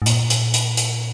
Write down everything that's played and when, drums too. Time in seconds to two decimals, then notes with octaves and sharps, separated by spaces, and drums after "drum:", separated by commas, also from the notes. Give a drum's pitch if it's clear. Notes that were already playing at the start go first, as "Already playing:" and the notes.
0.02 G#2
0.06 A#2, drum: hi-hat
0.30 drum: hi-hat
0.54 drum: hi-hat
0.77 drum: hi-hat